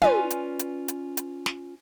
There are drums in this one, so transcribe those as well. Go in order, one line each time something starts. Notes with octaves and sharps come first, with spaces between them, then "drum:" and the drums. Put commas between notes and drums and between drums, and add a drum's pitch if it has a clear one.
C#4 D4 F4 B4 D5 G#5, drum: tom
drum: hi-hat
drum: hi-hat
drum: hi-hat
drum: hi-hat
drum: snare